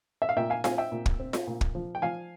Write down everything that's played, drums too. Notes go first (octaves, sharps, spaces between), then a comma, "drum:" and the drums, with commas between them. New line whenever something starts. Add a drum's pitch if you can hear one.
E5
F5
A#2 E5 G5
F5 G#5
C4 F5 G#5, drum: snare F4
E5 G5
A#2
drum: kick
C4
drum: snare F4
A#2
drum: kick
F3
G5
F3 F5 G#5